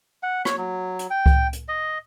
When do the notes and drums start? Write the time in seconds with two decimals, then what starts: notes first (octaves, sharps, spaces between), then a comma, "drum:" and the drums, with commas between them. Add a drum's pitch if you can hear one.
0.23 F#5
0.45 C#5, drum: rim click
0.58 F#3
0.99 drum: hi-hat
1.10 G5
1.26 drum: kick C#2
1.53 drum: hi-hat
1.68 D#5